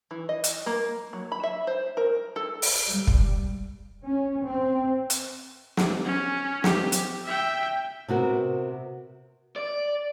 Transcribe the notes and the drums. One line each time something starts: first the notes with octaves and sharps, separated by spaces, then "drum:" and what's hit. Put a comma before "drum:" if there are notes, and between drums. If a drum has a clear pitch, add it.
E3
D#5
drum: hi-hat
A#3
F#3
B5
E5
C5
A#4
A4
drum: open hi-hat
G3
drum: kick
C#4
C4
drum: hi-hat
drum: snare
C#4
G4, drum: snare
drum: hi-hat
E5 G5
C3 B3 F#4 A#4
D5